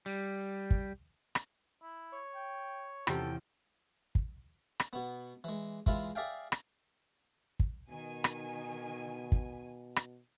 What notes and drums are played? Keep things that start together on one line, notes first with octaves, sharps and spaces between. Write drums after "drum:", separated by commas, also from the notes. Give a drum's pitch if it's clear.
G3
drum: kick
drum: rim click
E4
C#5
G5
E2 C3 C#4 F4 G4 A4 G5, drum: rim click
drum: kick
drum: rim click
B2 B3
E3 G#3
E3 G#3 E4 F4, drum: kick
G#4 D5 E5 F5 G5
drum: rim click
drum: kick
B2 D#3 G#5
drum: rim click
drum: kick
drum: rim click